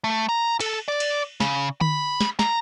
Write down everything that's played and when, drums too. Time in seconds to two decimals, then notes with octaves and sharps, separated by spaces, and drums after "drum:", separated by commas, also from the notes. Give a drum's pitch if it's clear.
0.04 A3
0.29 A#5
0.60 A4, drum: cymbal
0.88 D5
1.00 drum: cymbal
1.40 C#3, drum: snare
1.81 B5, drum: tom D3
2.21 drum: snare
2.39 A#5, drum: snare